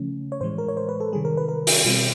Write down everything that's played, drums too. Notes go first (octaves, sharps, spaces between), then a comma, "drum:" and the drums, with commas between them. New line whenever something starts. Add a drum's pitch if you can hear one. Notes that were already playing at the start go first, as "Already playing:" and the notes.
Already playing: C#3 F3 A3 C#4
C#5
A2 E3 G#3 C5
A#4
C#5
C5
B4
A4
C3 D#3 G3 G#4
A#4
B4
A#4
F#4, drum: open hi-hat
B2 G3 C4 F4